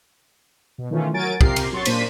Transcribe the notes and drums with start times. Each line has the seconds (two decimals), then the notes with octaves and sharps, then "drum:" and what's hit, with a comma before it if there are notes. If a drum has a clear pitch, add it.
0.78 B2
0.90 D#3 E3 A3 C#4 F4
1.13 F#3 F#4 A#4 G#5 A6 D7
1.41 C3 F4 G4 A#4 C7, drum: kick
1.56 drum: cymbal
1.73 F#3 C6 C#6 A6
1.85 A#2 A#3 D4 C5 B6 D#7, drum: cymbal